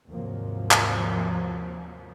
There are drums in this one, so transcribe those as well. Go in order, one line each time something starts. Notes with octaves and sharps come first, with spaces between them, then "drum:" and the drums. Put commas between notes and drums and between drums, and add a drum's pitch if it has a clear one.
D#2 G#2 C3 F3 F#3 A#3
drum: clap